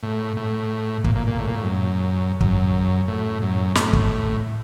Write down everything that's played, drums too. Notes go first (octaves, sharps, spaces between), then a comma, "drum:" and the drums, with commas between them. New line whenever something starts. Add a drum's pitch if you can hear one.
A2
A2
A#2, drum: kick
A#2
A#2
A2
A#2
A2
F#2
F#2, drum: kick
A2
F#2
A2, drum: snare
drum: kick